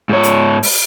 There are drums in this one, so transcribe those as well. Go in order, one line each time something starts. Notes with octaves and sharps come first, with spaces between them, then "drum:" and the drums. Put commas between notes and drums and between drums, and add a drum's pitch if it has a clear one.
G#2 C#5
drum: hi-hat
drum: open hi-hat